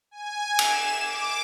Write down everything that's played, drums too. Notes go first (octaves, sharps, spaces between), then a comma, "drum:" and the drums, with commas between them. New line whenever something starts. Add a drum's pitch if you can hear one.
G#5
E7, drum: cymbal
D6